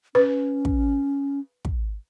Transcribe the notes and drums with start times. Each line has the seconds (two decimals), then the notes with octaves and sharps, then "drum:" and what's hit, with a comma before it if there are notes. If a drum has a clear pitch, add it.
0.15 C#4 B4
0.65 drum: kick
1.65 drum: kick